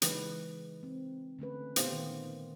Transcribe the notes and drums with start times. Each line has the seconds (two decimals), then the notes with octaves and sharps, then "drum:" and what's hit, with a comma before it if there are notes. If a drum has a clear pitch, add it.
0.02 C#3 E3 G#3 D#4 B4, drum: hi-hat
0.83 C4
1.39 D3 A3 C#4 B4
1.76 A#2 A3 B3 G4 C5 F5, drum: hi-hat
1.92 D#3